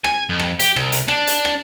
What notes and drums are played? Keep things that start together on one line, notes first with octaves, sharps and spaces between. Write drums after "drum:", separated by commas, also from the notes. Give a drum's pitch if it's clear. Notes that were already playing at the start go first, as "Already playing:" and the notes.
G#5, drum: rim click
F2
drum: rim click
G4, drum: hi-hat
C2, drum: rim click
drum: hi-hat
D4, drum: rim click
drum: hi-hat
drum: rim click